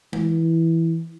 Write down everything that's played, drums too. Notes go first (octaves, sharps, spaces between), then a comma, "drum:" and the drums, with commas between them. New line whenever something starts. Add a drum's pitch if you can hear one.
E3, drum: tom G#3